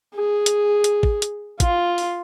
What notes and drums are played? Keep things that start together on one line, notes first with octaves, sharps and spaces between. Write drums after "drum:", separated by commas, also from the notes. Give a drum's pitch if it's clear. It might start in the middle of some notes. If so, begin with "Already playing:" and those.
G#4
drum: hi-hat
drum: hi-hat
drum: kick
drum: hi-hat
F4, drum: kick, hi-hat
drum: open hi-hat